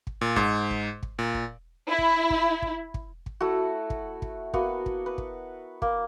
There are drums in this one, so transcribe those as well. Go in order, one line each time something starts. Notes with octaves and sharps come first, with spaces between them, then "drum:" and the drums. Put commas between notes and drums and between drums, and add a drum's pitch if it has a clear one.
drum: kick
A#2
G#2, drum: kick
drum: kick
drum: kick
A#2
drum: kick
E4
drum: kick
drum: kick
drum: kick
drum: kick
drum: kick
A3 E4 F#4
drum: kick
drum: kick
A#3 B3 F#4, drum: kick
drum: kick
B4
drum: kick
A#3, drum: kick